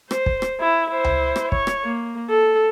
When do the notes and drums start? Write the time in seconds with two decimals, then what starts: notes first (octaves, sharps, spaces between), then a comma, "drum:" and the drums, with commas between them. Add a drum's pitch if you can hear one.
0.11 C5, drum: rim click
0.26 drum: kick
0.42 drum: rim click
0.60 E4
0.90 E4 C5
1.04 drum: tom C#2
1.36 drum: rim click
1.52 C#5, drum: kick
1.67 drum: rim click
1.84 A#3
2.29 A4